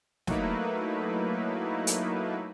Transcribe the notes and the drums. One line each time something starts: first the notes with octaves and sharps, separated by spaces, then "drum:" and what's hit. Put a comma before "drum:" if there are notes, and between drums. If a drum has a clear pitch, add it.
F#3 A3 A#3 D#4 E4 B4, drum: snare
drum: hi-hat